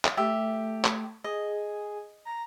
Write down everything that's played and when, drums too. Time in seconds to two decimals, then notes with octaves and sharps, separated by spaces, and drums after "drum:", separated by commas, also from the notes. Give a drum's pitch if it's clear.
0.05 drum: clap
0.17 A3 G4 E5
0.84 drum: clap
1.24 G#4 D#5
2.25 A#5